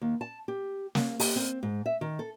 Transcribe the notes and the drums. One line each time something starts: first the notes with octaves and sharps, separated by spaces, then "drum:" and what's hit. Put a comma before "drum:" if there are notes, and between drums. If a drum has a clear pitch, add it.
D#2
A5
G4
A#3, drum: snare
G4, drum: open hi-hat
C4
G#2
E5
D#3
A4